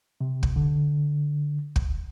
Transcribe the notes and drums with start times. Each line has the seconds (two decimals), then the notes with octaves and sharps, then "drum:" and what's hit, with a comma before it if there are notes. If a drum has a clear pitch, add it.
0.21 C3
0.43 drum: kick
0.56 D3
1.76 drum: kick